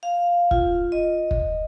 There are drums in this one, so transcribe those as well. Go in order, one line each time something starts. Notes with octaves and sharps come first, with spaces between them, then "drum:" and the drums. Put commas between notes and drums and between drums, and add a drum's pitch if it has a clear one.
F5
F4, drum: kick
D#5
drum: kick